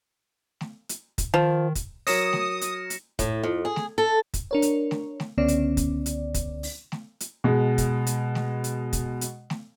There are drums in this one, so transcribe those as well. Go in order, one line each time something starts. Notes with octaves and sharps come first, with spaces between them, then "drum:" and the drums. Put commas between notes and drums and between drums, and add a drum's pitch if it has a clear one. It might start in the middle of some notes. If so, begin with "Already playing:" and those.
drum: snare
drum: hi-hat
drum: kick, hi-hat
D#3 F3
drum: kick, hi-hat
F#3 A#4 C#5 D#6 A#6 C#7 E7, drum: open hi-hat
drum: snare
drum: hi-hat
drum: hi-hat
A2, drum: kick, hi-hat
F2
G#4
drum: snare
A4
drum: kick, hi-hat
D4 A#4 C#5
drum: hi-hat
drum: snare
drum: snare
C#2 D3 B3 C#4 D5
drum: hi-hat
drum: kick, hi-hat
drum: hi-hat
drum: kick, hi-hat
drum: open hi-hat
drum: snare
drum: hi-hat
B2 G#3
drum: kick, hi-hat
drum: hi-hat
drum: snare
drum: hi-hat
drum: kick, hi-hat
drum: hi-hat
drum: snare